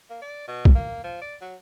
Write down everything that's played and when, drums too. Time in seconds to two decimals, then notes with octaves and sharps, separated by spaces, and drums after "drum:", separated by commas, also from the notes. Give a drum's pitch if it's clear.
0.10 A#3
0.22 D5
0.48 B2
0.65 drum: kick
0.75 A#3
1.04 F3
1.21 D5
1.41 F#3